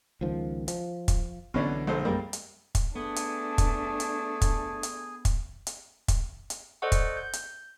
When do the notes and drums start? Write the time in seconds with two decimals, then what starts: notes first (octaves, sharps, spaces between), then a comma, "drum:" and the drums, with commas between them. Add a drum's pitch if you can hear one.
0.21 C#2 D#3 F3
0.68 F3, drum: hi-hat
1.08 drum: kick, hi-hat
1.54 B1 B2 D3 E3 C#4 D4
1.87 A#1 A4 C5
2.05 F#2 G3 G#3 A#3
2.33 drum: hi-hat
2.75 drum: kick, hi-hat
2.96 A3 B3 D4 G#4 G#5
3.16 drum: hi-hat
3.58 drum: kick, hi-hat
4.00 drum: hi-hat
4.41 drum: kick, hi-hat
4.83 drum: hi-hat
5.25 drum: kick, hi-hat
5.67 drum: hi-hat
6.08 drum: kick, hi-hat
6.50 drum: hi-hat
6.82 A4 C5 D5 D#5 F#5 C#6
6.92 drum: kick, hi-hat
7.17 G6
7.33 drum: hi-hat